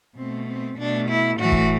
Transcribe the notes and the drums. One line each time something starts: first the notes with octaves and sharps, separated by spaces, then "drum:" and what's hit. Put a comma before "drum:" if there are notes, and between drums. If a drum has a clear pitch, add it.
B2 A3 C4
C4
B2 A3 D4
E4
A2 E3 A3 F#4
drum: kick